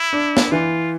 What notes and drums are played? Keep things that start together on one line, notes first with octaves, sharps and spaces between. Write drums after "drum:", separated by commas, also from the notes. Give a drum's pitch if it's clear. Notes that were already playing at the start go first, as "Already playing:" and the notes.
Already playing: E4
D4
drum: snare
E3 F4